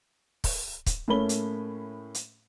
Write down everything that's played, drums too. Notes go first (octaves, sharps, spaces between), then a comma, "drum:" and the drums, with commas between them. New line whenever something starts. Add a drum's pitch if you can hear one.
drum: kick, open hi-hat
drum: kick, hi-hat
A2 A3 A#3 C#4 B5 G7
drum: hi-hat
drum: hi-hat